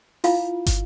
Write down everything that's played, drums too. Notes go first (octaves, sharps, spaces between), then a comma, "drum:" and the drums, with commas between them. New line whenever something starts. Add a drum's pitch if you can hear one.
E4 F4 F5 B5, drum: open hi-hat
drum: kick, hi-hat